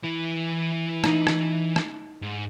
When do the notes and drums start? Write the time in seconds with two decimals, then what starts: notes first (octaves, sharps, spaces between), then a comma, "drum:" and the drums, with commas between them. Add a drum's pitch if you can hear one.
0.03 E3 E4
1.04 D#4, drum: rim click
1.27 drum: rim click
1.76 drum: rim click
2.23 G#2